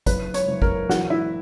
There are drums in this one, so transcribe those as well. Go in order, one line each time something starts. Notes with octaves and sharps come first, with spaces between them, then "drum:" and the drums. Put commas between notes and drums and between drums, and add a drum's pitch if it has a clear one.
F#1 B4, drum: kick, hi-hat
C#5, drum: hi-hat
F#1
A#4, drum: kick
E3 F#4, drum: snare
E4